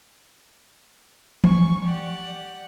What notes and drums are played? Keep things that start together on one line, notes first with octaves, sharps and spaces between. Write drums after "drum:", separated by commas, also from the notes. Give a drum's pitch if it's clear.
G#5 C#6, drum: tom
G4 D5 F#5